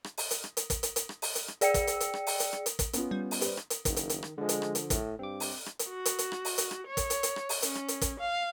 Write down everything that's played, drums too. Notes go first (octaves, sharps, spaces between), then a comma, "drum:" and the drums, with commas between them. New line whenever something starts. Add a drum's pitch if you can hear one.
drum: rim click
drum: open hi-hat
drum: hi-hat
drum: rim click
drum: hi-hat
drum: kick, hi-hat
drum: hi-hat
drum: hi-hat
drum: rim click
drum: open hi-hat
drum: hi-hat
drum: rim click
G#4 D5 G5 E6 C#7, drum: hi-hat
drum: kick, hi-hat
drum: hi-hat
drum: hi-hat
drum: rim click
drum: open hi-hat
drum: hi-hat
drum: rim click
drum: hi-hat
drum: kick, hi-hat
B3 C#4 F4, drum: hi-hat
G3
drum: open hi-hat
G4 B4 C5 D5, drum: hi-hat
drum: rim click
drum: hi-hat
F#1 D#3, drum: kick, hi-hat
drum: hi-hat
drum: hi-hat
drum: rim click
D3 F3 G#3
drum: hi-hat
drum: rim click
drum: hi-hat
A2, drum: kick, hi-hat
G2 C4 D6
drum: open hi-hat
drum: rim click
drum: hi-hat
F#4
drum: hi-hat
drum: hi-hat
drum: rim click
drum: open hi-hat
drum: hi-hat
drum: rim click
C#5
drum: kick, hi-hat
drum: hi-hat
drum: hi-hat
drum: rim click
drum: open hi-hat
C#4, drum: hi-hat
drum: rim click
drum: hi-hat
drum: kick, hi-hat
F5